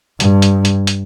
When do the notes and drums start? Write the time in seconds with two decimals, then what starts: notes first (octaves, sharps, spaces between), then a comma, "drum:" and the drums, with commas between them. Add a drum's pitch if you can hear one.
0.20 G2, drum: hi-hat
0.42 drum: hi-hat
0.65 drum: hi-hat
0.87 drum: hi-hat